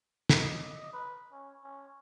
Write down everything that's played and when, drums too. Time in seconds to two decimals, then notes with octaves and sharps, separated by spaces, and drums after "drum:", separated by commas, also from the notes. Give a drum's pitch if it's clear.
0.29 drum: snare
0.41 D#5
0.93 B4
1.32 C#4
1.64 C#4